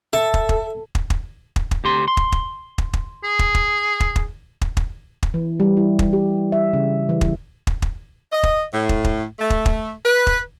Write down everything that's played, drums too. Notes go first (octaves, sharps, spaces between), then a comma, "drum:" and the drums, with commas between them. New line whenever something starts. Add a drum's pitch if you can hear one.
A4 E5
drum: kick
drum: kick
drum: kick
drum: kick
drum: kick
drum: kick
D2 G4 C6
C6
drum: kick
drum: kick
drum: kick
drum: kick
G#4
drum: kick
drum: kick
drum: kick
drum: kick
drum: kick
drum: kick
drum: kick
E3
G3
E4
drum: kick
G4
E5
C#3
E3
drum: kick
drum: kick
drum: kick
D#5
drum: kick
A2
drum: kick
drum: kick
A3
drum: kick
drum: kick
B4
drum: kick